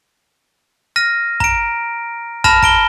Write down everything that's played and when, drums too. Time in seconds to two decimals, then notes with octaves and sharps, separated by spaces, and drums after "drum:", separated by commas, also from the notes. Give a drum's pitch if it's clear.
0.96 F6 A#6 D#7
1.40 A#5 D7, drum: kick
2.44 A5 B5 F6 A#6 E7, drum: kick
2.62 A#5 D7 G7, drum: kick